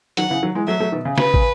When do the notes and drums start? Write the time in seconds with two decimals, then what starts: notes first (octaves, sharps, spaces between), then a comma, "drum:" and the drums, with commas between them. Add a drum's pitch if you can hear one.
0.17 D#3 F#3 F#5, drum: hi-hat
0.30 C#3 E3
0.43 D#3 F#3
0.55 E3 G#3
0.67 F#3 A3 E5
0.80 F#3 A3
0.92 B2 D#3
1.05 C#3
1.18 B4, drum: snare
1.34 drum: kick